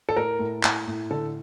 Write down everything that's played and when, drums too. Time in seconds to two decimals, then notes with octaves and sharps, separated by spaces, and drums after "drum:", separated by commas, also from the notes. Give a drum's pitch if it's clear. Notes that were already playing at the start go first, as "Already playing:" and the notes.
0.09 A4
0.16 A2 A#4
0.39 A2
0.63 A2, drum: clap
0.87 A2
1.11 D3 A4